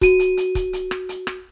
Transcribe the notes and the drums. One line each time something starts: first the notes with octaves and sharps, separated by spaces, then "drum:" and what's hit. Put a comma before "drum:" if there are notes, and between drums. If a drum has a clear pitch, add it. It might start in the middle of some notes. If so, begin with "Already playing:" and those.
F#4 D#7, drum: kick, hi-hat
drum: hi-hat
drum: hi-hat
drum: kick, hi-hat
drum: hi-hat
drum: rim click
drum: hi-hat
drum: rim click